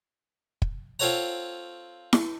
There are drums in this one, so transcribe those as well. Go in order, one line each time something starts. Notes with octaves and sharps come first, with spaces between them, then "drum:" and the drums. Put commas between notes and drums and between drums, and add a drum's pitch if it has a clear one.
drum: kick
C4 F4 A4 C#5 F#5 A#5
drum: snare E4